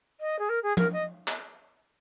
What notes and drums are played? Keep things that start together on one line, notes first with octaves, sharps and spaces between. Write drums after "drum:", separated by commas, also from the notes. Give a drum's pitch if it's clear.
D#5
G#4
A#4
G#4
A#4, drum: tom F3
D#5
drum: clap